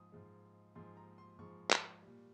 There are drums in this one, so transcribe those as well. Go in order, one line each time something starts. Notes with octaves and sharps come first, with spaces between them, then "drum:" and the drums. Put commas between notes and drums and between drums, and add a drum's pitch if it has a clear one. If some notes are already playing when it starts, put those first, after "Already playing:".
Already playing: G#2 F3 D#6
G#2 F3 G#3
G#2 F3 G#3 C6
A#5
C6
G#2 F3 G#3 C#6
drum: clap
A#2 G3